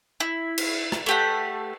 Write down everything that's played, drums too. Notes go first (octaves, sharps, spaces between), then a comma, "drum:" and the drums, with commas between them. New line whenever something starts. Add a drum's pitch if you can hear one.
E4
drum: cymbal
drum: rim click
A3 G4 F#5